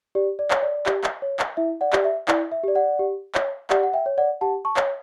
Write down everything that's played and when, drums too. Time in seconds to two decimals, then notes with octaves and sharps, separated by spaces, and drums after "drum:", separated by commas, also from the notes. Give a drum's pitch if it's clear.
0.15 G4 D5
0.39 D5
0.51 C#5, drum: clap
0.63 D5
0.86 G4, drum: clap
1.04 drum: clap
1.22 C#5
1.39 drum: clap
1.57 E4 E5
1.81 D5 F#5
1.93 G4 D5, drum: clap
2.04 E5
2.28 E4 D5, drum: clap
2.52 E5
2.64 G4 D5
2.75 D5 F#5
2.99 G4
3.35 C#5, drum: clap
3.70 G4 D5 F#5, drum: clap
3.83 F#5
3.93 E5 G5
4.06 C#5
4.18 D5 F#5
4.41 G4 F#5 A5
4.65 A5 C#6
4.77 C#5, drum: clap